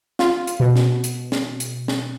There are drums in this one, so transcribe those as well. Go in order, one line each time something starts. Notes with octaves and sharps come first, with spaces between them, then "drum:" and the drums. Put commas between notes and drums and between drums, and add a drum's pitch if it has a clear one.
F4, drum: snare
drum: hi-hat
B2
drum: snare
drum: hi-hat
drum: snare
drum: hi-hat
drum: snare